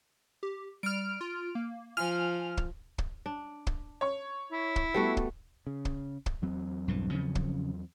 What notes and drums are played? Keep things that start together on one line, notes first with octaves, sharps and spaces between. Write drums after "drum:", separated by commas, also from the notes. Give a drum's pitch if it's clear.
G4
G3 F6 D7
F4
A#3
F3 G#5 F6
drum: kick
drum: kick
D4
drum: kick
C#5 C#6
E4
drum: kick
G3 A3 B3 F#4
drum: kick
C#3
drum: kick
drum: kick
E2 F#3 C4
B1 G2 E3
C#3 F3 C#4
drum: kick